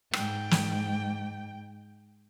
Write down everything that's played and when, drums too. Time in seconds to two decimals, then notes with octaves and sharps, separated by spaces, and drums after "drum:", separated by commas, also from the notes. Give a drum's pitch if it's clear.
0.13 G#2 G5, drum: rim click
0.51 drum: snare